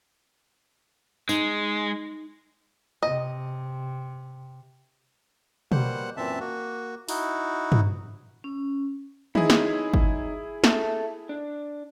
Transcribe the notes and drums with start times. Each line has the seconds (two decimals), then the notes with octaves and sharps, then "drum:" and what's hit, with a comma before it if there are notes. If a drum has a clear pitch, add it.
1.29 G#3 D#4, drum: tambourine
3.03 C3 D#5
5.72 B2 G3 A#3 C5 F#5 F#6, drum: tom B2
6.17 F#2 A#2 E3 C4 E5 A5
6.40 A#3 F#4
7.09 D#4 E4 F#4, drum: open hi-hat
7.72 drum: tom G2
8.44 C#4
9.35 F#3 D#4 E4 G#4, drum: tom D#3
9.50 drum: snare
9.94 drum: kick
10.64 A4 E5, drum: snare
11.29 D4